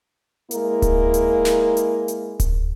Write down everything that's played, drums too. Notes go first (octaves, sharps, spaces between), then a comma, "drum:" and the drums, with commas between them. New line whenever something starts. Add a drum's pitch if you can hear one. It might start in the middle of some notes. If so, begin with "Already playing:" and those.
G#3 A#3 E4 A#4, drum: hi-hat
drum: kick D1, hi-hat
drum: hi-hat
drum: snare
drum: hi-hat
drum: hi-hat
drum: kick D1, hi-hat